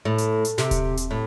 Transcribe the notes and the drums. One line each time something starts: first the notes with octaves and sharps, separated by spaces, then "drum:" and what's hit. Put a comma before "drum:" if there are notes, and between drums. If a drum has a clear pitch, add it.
A2
drum: hi-hat
drum: hi-hat
C3, drum: snare
drum: kick D#1, hi-hat
drum: hi-hat
A2